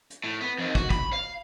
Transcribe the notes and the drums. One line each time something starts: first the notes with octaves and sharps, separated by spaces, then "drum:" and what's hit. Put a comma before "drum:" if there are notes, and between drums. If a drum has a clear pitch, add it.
drum: hi-hat
A2
B3
F2 D#3
F#4, drum: kick
B5, drum: kick
F5